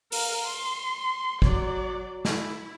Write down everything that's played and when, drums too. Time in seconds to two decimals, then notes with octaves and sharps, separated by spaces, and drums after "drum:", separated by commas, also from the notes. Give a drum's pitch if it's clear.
0.12 A#4 F5, drum: open hi-hat
0.45 C6
1.42 F#3 D5, drum: kick
2.25 E4, drum: snare E4